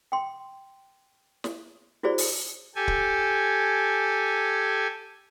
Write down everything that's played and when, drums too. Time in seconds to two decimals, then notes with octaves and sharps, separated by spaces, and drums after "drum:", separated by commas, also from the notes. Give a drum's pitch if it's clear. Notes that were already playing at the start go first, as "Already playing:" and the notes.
0.12 G5 C6
1.44 drum: snare
2.03 E4 F#4 G#4 C5 D5
2.18 drum: open hi-hat
2.75 G4 A4 G#5
2.88 drum: kick